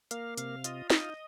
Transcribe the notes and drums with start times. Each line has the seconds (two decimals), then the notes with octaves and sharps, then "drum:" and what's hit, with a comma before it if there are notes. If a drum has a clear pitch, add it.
0.11 A#3 F5, drum: hi-hat
0.37 C3 F5, drum: hi-hat
0.64 F4 D#5, drum: hi-hat
0.90 D#4 D#5, drum: snare